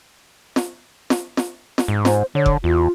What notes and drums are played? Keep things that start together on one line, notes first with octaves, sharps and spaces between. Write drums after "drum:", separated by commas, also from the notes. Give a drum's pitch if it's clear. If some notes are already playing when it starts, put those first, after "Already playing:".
drum: snare
drum: snare
drum: snare
drum: snare
G#2
C5, drum: snare
D3 C#5
drum: kick F1
E2 F4